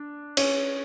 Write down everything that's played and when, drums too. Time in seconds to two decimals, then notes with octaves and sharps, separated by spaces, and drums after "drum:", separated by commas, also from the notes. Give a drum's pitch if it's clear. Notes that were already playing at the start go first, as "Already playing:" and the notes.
Already playing: D4
0.37 C#4, drum: cymbal